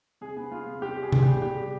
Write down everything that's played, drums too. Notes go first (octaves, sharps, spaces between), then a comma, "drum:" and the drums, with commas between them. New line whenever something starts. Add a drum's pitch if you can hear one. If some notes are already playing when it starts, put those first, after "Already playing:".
C3 G#4
B3
B3 F4
C3
C3 G4
G3
G#4
G3, drum: tom C3
G3 G4
B2 G4
G3